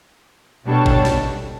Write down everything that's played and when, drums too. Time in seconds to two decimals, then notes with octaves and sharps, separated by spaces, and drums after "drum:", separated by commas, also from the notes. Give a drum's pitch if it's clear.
0.66 B2 G3 D4 A4 C#5
0.86 drum: kick
1.05 drum: snare